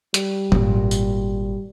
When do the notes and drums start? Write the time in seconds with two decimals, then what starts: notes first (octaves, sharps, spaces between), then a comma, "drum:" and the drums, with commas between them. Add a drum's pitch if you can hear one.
0.14 G3, drum: hi-hat
0.52 G#1 A#2, drum: tom
0.91 drum: tambourine